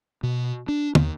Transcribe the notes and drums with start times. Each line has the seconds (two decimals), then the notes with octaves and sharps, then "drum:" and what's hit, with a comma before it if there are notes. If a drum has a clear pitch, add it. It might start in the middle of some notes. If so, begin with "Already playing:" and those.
0.23 B2
0.68 D4
0.95 D#2, drum: tom